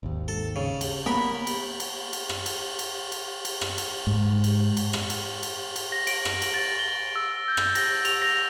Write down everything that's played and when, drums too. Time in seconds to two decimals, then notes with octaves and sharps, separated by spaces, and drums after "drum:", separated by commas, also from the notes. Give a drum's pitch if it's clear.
0.03 G#1 D#2
0.28 A4
0.56 C#3
0.81 drum: cymbal
1.06 A#3 B3 A#4 B5
1.47 drum: cymbal
1.80 drum: cymbal
2.13 drum: cymbal
2.29 drum: rim click
2.46 drum: cymbal
2.79 drum: cymbal
3.12 drum: cymbal
3.45 drum: cymbal
3.61 drum: rim click
3.78 drum: cymbal
4.07 G#2
4.44 drum: cymbal
4.77 drum: cymbal
4.93 drum: rim click
5.10 drum: cymbal
5.43 drum: cymbal
5.76 drum: cymbal
5.92 A#6
6.07 D7, drum: cymbal
6.25 drum: rim click
6.42 drum: cymbal
6.54 A6
6.79 G7
7.16 E6
7.48 G6
7.57 drum: rim click
7.75 A#6, drum: cymbal
8.05 F7, drum: cymbal
8.22 A#6